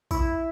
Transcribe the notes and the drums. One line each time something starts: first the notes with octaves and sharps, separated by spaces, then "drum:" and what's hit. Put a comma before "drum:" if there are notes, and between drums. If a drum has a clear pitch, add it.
E4, drum: kick A#1, tambourine